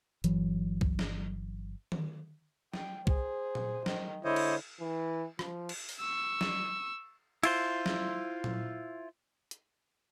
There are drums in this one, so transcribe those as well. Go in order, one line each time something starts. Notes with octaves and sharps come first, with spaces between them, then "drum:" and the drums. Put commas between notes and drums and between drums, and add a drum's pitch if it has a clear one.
G1 E3 F#3, drum: hi-hat
drum: kick C2
drum: snare F#3
drum: tom D#3
G5, drum: snare F#3
G#4 C5, drum: kick C2
drum: tom A#2
D#3, drum: snare F#3
D3 G#3 E4 C5 C#5 D#5
drum: cymbal
E3
F3, drum: rim click
drum: cymbal
drum: open hi-hat
C#6 E6
drum: snare F#3
E4 F4 C5, drum: cymbal
drum: snare F#3
drum: tom A#2
drum: hi-hat